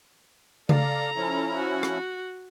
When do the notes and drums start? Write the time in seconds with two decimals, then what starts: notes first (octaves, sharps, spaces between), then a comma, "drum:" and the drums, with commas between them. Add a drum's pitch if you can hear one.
0.69 A4 D5 F5 A#5, drum: tom C#3
1.16 F3 C#4 E4
1.57 F#4
1.83 drum: rim click